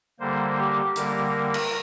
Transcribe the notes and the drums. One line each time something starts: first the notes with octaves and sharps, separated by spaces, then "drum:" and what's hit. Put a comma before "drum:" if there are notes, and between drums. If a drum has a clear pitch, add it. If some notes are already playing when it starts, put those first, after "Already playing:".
D3 G3 A#3 C5
G4
D3 G3 A#3 A#4, drum: hi-hat
drum: cymbal